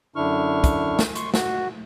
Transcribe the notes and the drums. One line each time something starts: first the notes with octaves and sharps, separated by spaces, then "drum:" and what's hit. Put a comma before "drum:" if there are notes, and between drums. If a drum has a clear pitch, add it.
F#2 D3 D4 E4 C#6 F6
drum: kick, hi-hat
drum: snare
C6 C#6, drum: hi-hat
F#4, drum: snare